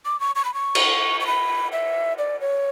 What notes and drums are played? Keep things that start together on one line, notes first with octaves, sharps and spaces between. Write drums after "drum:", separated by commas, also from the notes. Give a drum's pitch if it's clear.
D6
C#6
C#6
B5
C#6
drum: cymbal
C#6
B5
E5
D5
C#5